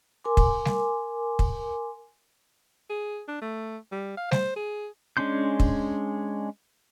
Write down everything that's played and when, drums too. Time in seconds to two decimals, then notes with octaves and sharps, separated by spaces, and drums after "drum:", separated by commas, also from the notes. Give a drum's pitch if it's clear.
0.24 A#4 G#5 C6 D6
0.37 drum: kick
0.65 drum: snare G3
1.39 drum: kick
2.90 G#4
3.28 D4
3.42 A3
3.92 G3
4.17 F5
4.31 C5, drum: snare G3
4.56 G#4
5.17 G#3 C#4 D4 C6 G6
5.60 drum: kick